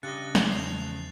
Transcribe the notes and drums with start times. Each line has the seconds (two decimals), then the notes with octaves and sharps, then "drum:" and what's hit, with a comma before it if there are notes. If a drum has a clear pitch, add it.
0.03 G2 C#3 D#5 F#6 A6 C#7
0.35 drum: snare
0.52 E2 D#3 F3 A3 C7 F7